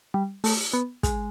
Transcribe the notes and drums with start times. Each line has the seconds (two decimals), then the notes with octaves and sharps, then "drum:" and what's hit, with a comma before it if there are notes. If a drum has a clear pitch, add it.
0.14 G3
0.44 A3, drum: open hi-hat
0.73 B3
1.03 G#3, drum: kick, hi-hat